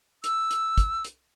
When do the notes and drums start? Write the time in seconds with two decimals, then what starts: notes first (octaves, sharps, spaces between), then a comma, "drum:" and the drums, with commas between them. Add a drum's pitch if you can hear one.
0.24 E6, drum: hi-hat
0.51 drum: hi-hat
0.78 drum: kick, hi-hat
1.04 drum: hi-hat